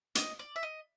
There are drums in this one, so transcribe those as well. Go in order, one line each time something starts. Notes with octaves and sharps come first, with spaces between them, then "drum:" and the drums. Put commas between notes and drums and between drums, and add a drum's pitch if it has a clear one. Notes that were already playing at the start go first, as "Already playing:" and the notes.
D#5, drum: hi-hat
D5
E5
D#5